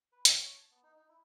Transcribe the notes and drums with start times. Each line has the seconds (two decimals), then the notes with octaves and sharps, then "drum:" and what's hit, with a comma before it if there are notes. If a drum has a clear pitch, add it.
0.12 B4
0.25 A#4, drum: hi-hat
0.38 C#5
0.56 A5
0.71 B3
0.83 D#4
0.96 D#4
1.09 E4